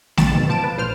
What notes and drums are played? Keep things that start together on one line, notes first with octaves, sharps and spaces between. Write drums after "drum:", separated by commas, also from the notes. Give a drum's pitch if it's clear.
A#1 A6 E7, drum: snare
G#2 B2
F3 A5 D7 E7
B4
A#1 C5 F6